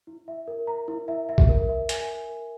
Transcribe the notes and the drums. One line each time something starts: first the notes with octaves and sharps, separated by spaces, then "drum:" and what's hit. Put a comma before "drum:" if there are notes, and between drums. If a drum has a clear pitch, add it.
E4
E5
A#4
A#5
E4
E5
E5
drum: kick B1
A#4
E5
G#5, drum: hi-hat
G#5
A#4